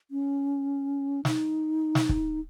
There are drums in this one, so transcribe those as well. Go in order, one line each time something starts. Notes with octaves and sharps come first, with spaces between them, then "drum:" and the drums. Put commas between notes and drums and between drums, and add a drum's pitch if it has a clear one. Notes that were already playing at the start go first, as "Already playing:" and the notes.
C#4
D#4, drum: snare
drum: snare
drum: kick